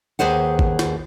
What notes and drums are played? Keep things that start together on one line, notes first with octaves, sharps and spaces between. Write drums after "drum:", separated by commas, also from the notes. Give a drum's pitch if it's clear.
D#2 G#4 B4 C5 F#5
drum: kick A1
drum: snare